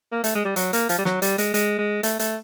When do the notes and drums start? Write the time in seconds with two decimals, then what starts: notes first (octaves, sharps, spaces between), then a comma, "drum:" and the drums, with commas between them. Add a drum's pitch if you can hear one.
0.12 A#3
0.24 A3, drum: hi-hat
0.35 G#3
0.45 G3
0.56 F#3, drum: hi-hat
0.73 A#3, drum: hi-hat
0.89 F3, drum: hi-hat
0.99 G3
1.05 F#3, drum: snare
1.22 G3, drum: hi-hat
1.38 G#3, drum: hi-hat
1.54 G#3, drum: hi-hat
1.79 G#3
2.03 A3, drum: hi-hat
2.19 A3, drum: hi-hat